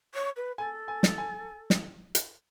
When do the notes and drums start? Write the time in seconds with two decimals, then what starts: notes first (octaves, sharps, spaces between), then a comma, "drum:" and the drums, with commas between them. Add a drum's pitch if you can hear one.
0.14 C#5
0.36 B4
0.58 A4 G#5
0.88 G#5
1.03 drum: snare
1.18 G#5
1.70 drum: snare
2.15 drum: hi-hat